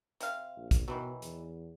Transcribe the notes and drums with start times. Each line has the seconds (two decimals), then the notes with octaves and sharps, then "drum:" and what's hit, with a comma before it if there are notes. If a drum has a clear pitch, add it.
0.21 C3 F5, drum: hi-hat
0.57 A#1
0.71 drum: kick, hi-hat
0.88 B2 D#3 E3 F#3
1.22 E2, drum: hi-hat